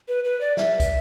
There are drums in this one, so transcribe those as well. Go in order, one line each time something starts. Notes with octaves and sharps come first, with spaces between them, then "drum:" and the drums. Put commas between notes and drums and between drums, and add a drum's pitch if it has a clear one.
B4
B4
D5
E5, drum: snare
drum: kick, hi-hat